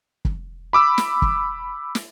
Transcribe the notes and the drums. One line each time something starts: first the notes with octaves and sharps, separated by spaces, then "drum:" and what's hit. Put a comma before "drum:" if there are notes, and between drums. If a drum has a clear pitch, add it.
drum: kick
B5 D6 E6
drum: snare
drum: kick
drum: snare